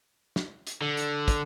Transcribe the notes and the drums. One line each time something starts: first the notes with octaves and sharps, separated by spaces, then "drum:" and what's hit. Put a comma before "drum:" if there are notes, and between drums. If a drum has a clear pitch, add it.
drum: snare
drum: hi-hat
D3
drum: hi-hat
drum: kick, hi-hat